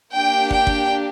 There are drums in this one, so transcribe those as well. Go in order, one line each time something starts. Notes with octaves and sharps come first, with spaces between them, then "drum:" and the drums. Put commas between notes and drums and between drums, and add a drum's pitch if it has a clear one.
A#3 D4 G4 G5
G5, drum: kick
drum: kick